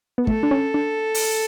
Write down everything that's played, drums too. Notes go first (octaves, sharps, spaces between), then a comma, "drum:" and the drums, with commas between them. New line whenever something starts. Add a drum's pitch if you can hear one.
B3
A3 A4, drum: kick
D4
C#4
D4
drum: open hi-hat